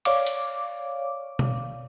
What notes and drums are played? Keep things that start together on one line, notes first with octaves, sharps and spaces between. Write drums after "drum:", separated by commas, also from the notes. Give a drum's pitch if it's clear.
C#5 D5 F5 D6, drum: cymbal
drum: hi-hat
drum: tom B2